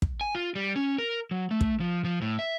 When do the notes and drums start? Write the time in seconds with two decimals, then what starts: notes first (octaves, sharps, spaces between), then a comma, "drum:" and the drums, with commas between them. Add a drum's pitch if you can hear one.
0.02 drum: kick
0.21 G#5
0.35 F4
0.56 G3
0.76 C#4
0.98 A#4
1.31 F#3
1.51 A3
1.61 drum: kick
1.80 F3
2.05 F3
2.22 A2
2.39 E5